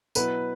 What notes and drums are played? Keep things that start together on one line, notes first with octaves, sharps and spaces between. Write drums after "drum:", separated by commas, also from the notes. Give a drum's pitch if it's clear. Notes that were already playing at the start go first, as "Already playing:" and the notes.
B2 F#3 B3 E4 B4, drum: tambourine